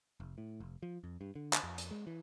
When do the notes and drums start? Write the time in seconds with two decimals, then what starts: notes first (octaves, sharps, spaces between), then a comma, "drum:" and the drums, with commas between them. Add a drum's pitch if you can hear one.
0.20 F1
0.38 A2
0.60 F1
0.83 F3
1.04 F2
1.21 G2
1.35 D3
1.53 drum: clap
1.63 F2
1.78 drum: hi-hat
1.91 G#3
2.07 E3